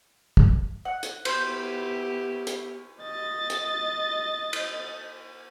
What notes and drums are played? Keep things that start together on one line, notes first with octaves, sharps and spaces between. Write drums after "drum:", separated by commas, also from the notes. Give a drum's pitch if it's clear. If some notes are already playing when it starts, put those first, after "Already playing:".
drum: kick
F#5
drum: hi-hat
B3 E4 G4 C5 G6, drum: cymbal
drum: hi-hat
D#5 A6
drum: hi-hat
drum: cymbal